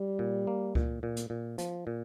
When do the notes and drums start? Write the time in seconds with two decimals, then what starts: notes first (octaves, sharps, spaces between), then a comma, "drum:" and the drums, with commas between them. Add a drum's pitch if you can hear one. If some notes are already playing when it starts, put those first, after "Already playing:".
Already playing: G3
0.19 A#2
0.47 A#3
0.75 A#2, drum: kick C#2
1.03 A#2
1.17 drum: hi-hat
1.30 A#2
1.58 F3, drum: hi-hat
1.87 A#2